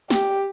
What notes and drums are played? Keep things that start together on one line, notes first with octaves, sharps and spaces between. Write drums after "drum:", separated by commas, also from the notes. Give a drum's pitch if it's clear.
G4, drum: snare